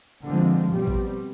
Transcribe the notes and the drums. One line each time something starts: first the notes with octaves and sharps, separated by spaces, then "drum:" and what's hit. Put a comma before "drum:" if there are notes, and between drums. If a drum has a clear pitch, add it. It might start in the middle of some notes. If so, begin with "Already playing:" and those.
D3 F3 G#3 C4
B2 G3 C4
drum: kick G#1